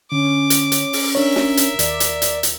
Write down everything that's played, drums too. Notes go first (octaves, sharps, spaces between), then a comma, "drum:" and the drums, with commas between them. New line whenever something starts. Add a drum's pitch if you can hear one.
D3 C#4 D6
drum: hi-hat
drum: hi-hat
drum: open hi-hat
D4 A#4 C#5 E5
drum: snare
drum: hi-hat
D#2 D5, drum: hi-hat
drum: hi-hat
drum: hi-hat
drum: hi-hat